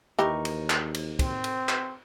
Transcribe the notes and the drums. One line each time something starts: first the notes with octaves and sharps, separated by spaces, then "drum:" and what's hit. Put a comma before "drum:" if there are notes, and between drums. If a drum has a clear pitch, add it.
D#2 E3 D#4 G4 A#4 C#6
drum: cymbal
drum: clap
drum: cymbal
C4, drum: kick, cymbal
drum: cymbal
drum: clap